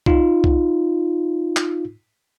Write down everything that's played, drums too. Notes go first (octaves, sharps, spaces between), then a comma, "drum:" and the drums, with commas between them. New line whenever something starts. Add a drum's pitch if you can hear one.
D#4 F4, drum: kick
drum: kick
drum: clap